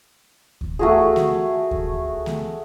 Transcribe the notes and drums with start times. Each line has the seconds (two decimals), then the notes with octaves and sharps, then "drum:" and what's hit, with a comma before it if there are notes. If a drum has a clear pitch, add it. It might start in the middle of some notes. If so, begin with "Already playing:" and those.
0.61 drum: kick D2
0.79 A3 F#4 G#4
1.16 drum: snare A3
1.71 drum: kick D2
2.26 drum: snare A3